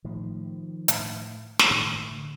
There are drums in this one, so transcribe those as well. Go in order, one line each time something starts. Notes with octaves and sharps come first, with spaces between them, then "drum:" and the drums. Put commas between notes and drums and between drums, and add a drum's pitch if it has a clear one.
A2 D#3 F3
A2, drum: hi-hat
drum: snare
A2 D#3
D3